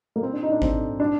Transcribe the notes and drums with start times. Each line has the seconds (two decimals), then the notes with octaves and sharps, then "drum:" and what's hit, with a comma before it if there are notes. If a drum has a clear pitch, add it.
0.16 A#3
0.23 C4
0.33 D4
0.43 D#4
0.52 D4
0.62 C4, drum: kick G#1
1.00 D4